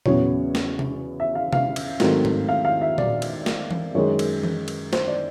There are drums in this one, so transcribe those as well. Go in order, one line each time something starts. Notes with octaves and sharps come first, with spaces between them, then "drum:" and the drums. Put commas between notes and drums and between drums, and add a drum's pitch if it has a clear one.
E2 C#3 F#3 B3 C#5, drum: tom A#2
drum: snare
drum: tom C3
E5
F5
F5, drum: tom C3
drum: cymbal
G#2 D#3 F#3 A3 C4, drum: snare
drum: tom G#2
F5
F5
E5
D5, drum: tom A#2
drum: cymbal
drum: snare
drum: tom E3
F#2 D#3 G#3 C#5
drum: cymbal
drum: tom E3
drum: cymbal
C5, drum: snare
D5